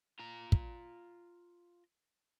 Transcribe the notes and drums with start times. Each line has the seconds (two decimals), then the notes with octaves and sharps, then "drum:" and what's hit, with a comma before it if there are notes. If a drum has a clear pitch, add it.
0.19 F4 A#5
0.52 drum: kick